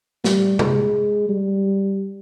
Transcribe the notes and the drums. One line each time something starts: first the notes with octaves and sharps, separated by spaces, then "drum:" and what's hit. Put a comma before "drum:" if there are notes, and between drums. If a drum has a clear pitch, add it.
G3, drum: snare
G#3, drum: tom
G3